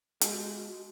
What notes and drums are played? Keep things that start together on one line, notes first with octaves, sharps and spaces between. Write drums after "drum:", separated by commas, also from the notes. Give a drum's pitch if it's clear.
G#3 F#4, drum: hi-hat
G4
F#4
F#4
F#4
F#4